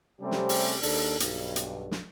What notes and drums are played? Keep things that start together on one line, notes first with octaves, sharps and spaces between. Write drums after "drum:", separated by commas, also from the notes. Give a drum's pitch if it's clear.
C3 G3 A3 C4 C#4 G4
drum: snare
drum: open hi-hat
D#2 D4 A4, drum: open hi-hat
B1 G2, drum: hi-hat
drum: hi-hat
drum: snare